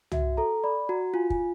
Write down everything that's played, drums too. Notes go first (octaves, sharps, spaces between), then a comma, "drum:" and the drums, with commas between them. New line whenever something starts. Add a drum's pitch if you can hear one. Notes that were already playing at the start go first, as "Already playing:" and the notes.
F#4 E5, drum: tom
A4 A#5
D5 B5
F#4 A#5
F4 G#5
G#5, drum: kick